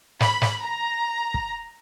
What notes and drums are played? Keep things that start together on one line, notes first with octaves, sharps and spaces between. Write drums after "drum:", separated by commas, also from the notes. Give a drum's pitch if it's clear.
B5, drum: snare
drum: snare
A#5
drum: kick